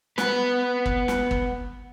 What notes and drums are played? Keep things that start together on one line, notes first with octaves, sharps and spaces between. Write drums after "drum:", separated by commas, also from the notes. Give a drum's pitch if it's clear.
B3 B4, drum: snare
drum: kick
drum: snare
drum: kick